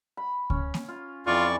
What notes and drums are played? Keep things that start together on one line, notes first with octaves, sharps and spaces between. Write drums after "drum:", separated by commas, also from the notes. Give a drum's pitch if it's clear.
B5
C#4, drum: kick C#2
drum: snare A#3
F4
F2 E3 F4 D5 C#6